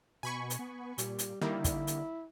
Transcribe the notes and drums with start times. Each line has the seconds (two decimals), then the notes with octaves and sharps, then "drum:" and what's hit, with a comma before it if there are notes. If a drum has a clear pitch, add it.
0.23 B2 G#5 B5 C#6
0.50 drum: hi-hat
0.59 B3
0.98 A#2 G3, drum: hi-hat
1.19 drum: hi-hat
1.41 D3 D#3 G3 A#3 E4
1.64 drum: kick, hi-hat
1.87 drum: hi-hat